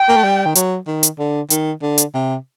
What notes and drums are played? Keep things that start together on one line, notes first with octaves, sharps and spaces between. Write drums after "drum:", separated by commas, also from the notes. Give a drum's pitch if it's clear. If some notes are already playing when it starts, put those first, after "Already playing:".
Already playing: G5
A#3
A3
G3
D#3
F#3, drum: hi-hat
D#3
drum: hi-hat
D3
D#3, drum: hi-hat
D3
drum: hi-hat
C3